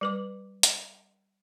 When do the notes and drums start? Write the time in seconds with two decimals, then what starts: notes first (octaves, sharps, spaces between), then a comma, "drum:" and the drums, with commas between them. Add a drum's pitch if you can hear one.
0.01 G3 B4 D6
0.63 drum: hi-hat